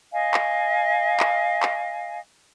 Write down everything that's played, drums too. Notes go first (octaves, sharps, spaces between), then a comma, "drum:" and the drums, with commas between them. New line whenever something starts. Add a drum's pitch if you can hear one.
D#5 F5 G#5
drum: clap
drum: clap
drum: clap